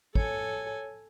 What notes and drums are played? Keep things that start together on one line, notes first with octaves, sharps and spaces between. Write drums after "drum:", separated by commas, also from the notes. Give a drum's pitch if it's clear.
A4 C#5 G#5, drum: kick